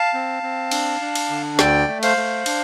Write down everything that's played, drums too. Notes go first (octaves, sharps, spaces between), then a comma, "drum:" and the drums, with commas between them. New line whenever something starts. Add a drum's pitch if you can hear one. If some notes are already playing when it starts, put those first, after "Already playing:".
Already playing: F5 A5
C4
C4
D4, drum: cymbal
D4
drum: cymbal
D3
D2 D5 G5, drum: snare
A3
C5 F5, drum: cymbal
A3
D4, drum: cymbal